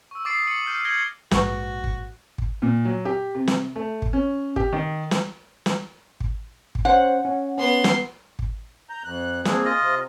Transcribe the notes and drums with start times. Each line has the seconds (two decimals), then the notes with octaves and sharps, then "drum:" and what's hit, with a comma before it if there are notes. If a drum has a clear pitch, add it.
0.11 C#6 E6
0.25 D6 D#6 A6 C7 D7
0.47 C#7 D#7 F#7
0.66 F6 G6
0.84 E6 G6 G#6 A#6 D7 G7
1.31 A#1 G#2 F#4 B4 C#6, drum: snare
1.84 drum: kick
2.38 drum: kick
2.62 A#2
2.85 F#3
3.05 G4
3.35 C3
3.47 drum: snare
3.76 A3
4.02 drum: kick
4.13 C#4
4.56 G4, drum: kick
4.73 D#3
5.11 drum: snare
5.66 drum: snare
6.20 drum: kick
6.75 drum: kick
6.85 C#4 C5 F#5
7.25 C#4
7.58 B3 C#4 C6
7.84 drum: snare
8.39 drum: kick
8.89 A#5 G6
9.04 F2 F#6
9.45 A#3 C4 D4 G#4, drum: snare
9.65 F4 D#5
9.81 C3